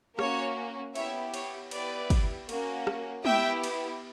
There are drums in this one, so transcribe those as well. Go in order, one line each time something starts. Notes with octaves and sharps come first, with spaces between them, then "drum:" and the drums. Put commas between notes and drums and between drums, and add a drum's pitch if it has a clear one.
A#3 C#4 F#4 C#5, drum: rim click
B3 E4 G4 C#5 E5, drum: cymbal
C#5, drum: cymbal
B3 E4 G4 B4 D5, drum: cymbal
drum: kick, cymbal
A#3 C#4 F#4, drum: cymbal
drum: rim click
B3 E4 G4 E5 G5, drum: tom G#3
drum: cymbal